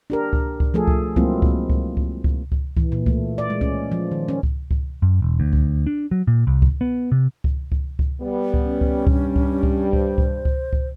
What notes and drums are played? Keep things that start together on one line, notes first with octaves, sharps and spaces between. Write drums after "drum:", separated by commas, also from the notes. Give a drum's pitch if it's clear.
D4 G4 A#4
drum: kick C#2
drum: kick C#2
F3 A3 G#4 A4
drum: kick C#2
F#3 G#3 A#3 C4 E4 F4, drum: kick C#2
drum: kick C#2
drum: kick C#2
drum: kick C#2
drum: kick C#2
drum: kick C#2
E3, drum: kick C#2
A#2
A3, drum: kick C#2
D5
G#3
C#4, drum: kick C#2
F3
D#3
C#4
drum: kick C#2
drum: kick C#2
F#2
E1
D2
drum: kick C#2
D4
F#3
A#2
C2
drum: kick C#2
B3
C3
drum: kick C#2
drum: kick C#2
drum: kick C#2
G3 B3
drum: kick C#2
C#4
drum: kick C#2
G2 G3, drum: kick C#2
drum: kick C#2
drum: kick C#2
C5, drum: kick C#2
drum: kick C#2
drum: kick C#2
drum: kick C#2